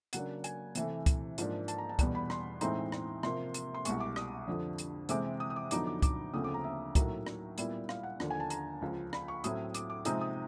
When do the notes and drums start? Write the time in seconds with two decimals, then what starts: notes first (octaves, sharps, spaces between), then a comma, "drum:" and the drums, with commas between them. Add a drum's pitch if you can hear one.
0.13 C#3 F#3 A#3 D4 F#5, drum: hi-hat
0.44 G#5, drum: hi-hat
0.75 C3 E3 A3, drum: hi-hat
1.06 drum: kick, hi-hat
1.38 G#2 F3 A#3 D4, drum: hi-hat
1.68 A5, drum: hi-hat
1.78 A#5
1.89 A5
1.99 E2 B2 G3 B3, drum: kick, hi-hat
2.15 B5
2.30 C6, drum: rim click
2.61 A2 E3 G#3 C4 D#4 C6, drum: hi-hat
2.92 drum: rim click
3.23 C3 F3 A#3 C6, drum: rim click
3.54 drum: hi-hat
3.75 C6
3.85 C2 B2 G#3 C#6, drum: hi-hat
4.00 D6
4.16 D#6, drum: rim click
4.48 F2 D3 F3
4.78 drum: hi-hat
5.09 C3 E3 G#3 C4 D6, drum: hi-hat
5.40 D#6
5.50 D#6
5.56 D6
5.71 F2 D3 F#3 B3 D#4 D6, drum: hi-hat
5.87 D6
6.02 D6, drum: kick, hi-hat
6.33 D2 C#3 F3 A3 C4 D#6
6.44 D6
6.54 A#5
6.64 E5
6.95 A2 F#3 A#3 D#4, drum: kick, hi-hat
7.26 drum: rim click
7.58 A#2 G3 B3 E4, drum: hi-hat
7.89 F5, drum: rim click
8.03 F#5
8.20 D#2 D3 F3, drum: rim click
8.30 G#5
8.40 A5
8.50 A#5, drum: hi-hat
8.81 C#2 C#3 F3
9.13 B5, drum: rim click
9.28 C#6
9.44 A2 F#3 A3 C4 E4 D#6, drum: hi-hat
9.74 D6, drum: hi-hat
9.90 D6
10.05 C3 F3 G#3 C4 D#4 D#6, drum: hi-hat
10.21 D#6